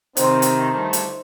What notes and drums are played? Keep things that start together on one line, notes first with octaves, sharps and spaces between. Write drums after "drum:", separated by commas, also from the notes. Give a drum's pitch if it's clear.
C3 D#3 C4 C5 C6, drum: hi-hat
drum: hi-hat
G1 G2 A3
drum: hi-hat